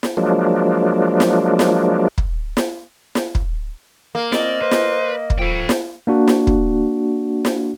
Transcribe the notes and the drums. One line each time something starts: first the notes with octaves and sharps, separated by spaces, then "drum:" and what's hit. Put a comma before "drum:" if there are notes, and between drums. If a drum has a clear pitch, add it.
drum: snare
F3 F#3 G#3 A#3 D4
drum: snare
drum: snare
drum: kick
drum: snare
drum: snare
drum: kick
A#3
C4 D5 D#5, drum: snare
B4 C5
drum: snare
drum: kick
F3 A4 G5
drum: snare
A#3 D4 F#4
drum: snare
drum: kick
drum: snare